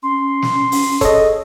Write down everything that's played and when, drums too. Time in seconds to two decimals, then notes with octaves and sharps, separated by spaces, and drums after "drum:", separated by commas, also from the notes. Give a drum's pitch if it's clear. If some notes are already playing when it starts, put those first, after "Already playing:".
0.03 C#4 C6
0.42 drum: snare
0.72 drum: open hi-hat
1.01 G#4 A4 C#5 D#5, drum: kick E1, hi-hat